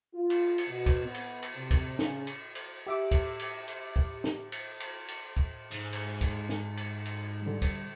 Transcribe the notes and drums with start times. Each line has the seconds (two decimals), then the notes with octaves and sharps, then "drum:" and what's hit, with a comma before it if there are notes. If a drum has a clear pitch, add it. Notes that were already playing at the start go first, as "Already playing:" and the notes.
0.13 F4
0.30 drum: cymbal
0.58 drum: cymbal
0.68 B2
0.86 drum: kick, cymbal
1.04 B3
1.14 drum: cymbal
1.43 drum: cymbal
1.55 C3
1.71 drum: kick, cymbal
1.99 C#3, drum: snare
2.27 drum: cymbal
2.55 drum: cymbal
2.86 G4 E5 D6
3.11 drum: kick, cymbal
3.40 drum: cymbal
3.68 drum: cymbal
3.96 drum: kick
4.24 drum: snare
4.52 drum: cymbal
4.80 drum: cymbal
5.08 drum: cymbal
5.37 drum: kick
5.71 G#2
5.93 drum: cymbal
6.21 drum: kick, cymbal
6.49 drum: snare
6.77 drum: cymbal
7.05 drum: cymbal
7.42 D3 G3
7.62 drum: kick, cymbal